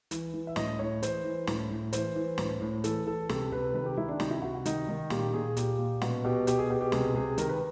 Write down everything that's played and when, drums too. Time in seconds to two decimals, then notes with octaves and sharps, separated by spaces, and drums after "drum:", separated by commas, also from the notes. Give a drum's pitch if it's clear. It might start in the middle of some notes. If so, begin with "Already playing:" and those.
0.11 E3, drum: hi-hat
0.34 E3
0.47 E5
0.56 A2 D#5, drum: snare
0.79 A2 C#5
1.03 E3 C5, drum: hi-hat
1.25 E3
1.47 A2, drum: snare
1.70 A2
1.93 E3 C5, drum: hi-hat
2.16 E3
2.38 A2, drum: snare
2.61 A2
2.84 E3 A4, drum: hi-hat
3.06 E3 A4
3.29 C3 A4, drum: snare
3.52 C3 B4
3.74 D#3 B4
3.86 G4
3.97 D#3 E4
4.09 D4
4.20 C3 D#4, drum: snare
4.31 E4
4.42 C3 F#4
4.55 F#4
4.65 D#3 D#4, drum: hi-hat
4.89 D#3
5.10 A#2 G4, drum: snare
5.33 A#2 G#4
5.57 A#2 G4, drum: hi-hat
5.79 A#2
6.01 B2 F#4, drum: snare
6.24 B2 G4
6.47 B2 G4, drum: hi-hat
6.58 G#4
6.70 B2 G4
6.81 G4
6.92 C3 G#4, drum: snare
7.15 C3 G#4
7.38 D#3 A#4, drum: hi-hat
7.49 B4